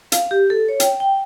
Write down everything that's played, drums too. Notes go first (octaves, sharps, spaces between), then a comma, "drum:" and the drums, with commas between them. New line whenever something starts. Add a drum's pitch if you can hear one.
F5, drum: hi-hat
G4
A4
C#5
G5, drum: hi-hat
G5